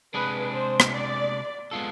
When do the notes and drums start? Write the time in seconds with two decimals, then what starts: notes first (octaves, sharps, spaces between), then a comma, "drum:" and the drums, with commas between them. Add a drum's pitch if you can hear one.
0.14 C3 G#3 D4 G#4 B4
0.53 C5
0.80 drum: rim click
0.93 D5
1.71 G#3 B3 F4 A4